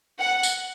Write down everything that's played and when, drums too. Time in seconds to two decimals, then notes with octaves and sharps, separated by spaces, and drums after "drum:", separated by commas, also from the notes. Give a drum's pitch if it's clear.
0.20 F#5
0.43 drum: tambourine